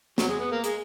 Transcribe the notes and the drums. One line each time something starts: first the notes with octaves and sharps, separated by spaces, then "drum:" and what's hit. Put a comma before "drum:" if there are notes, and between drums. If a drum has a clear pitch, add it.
F#3, drum: snare
G#3
B3
A#3
G#3, drum: hi-hat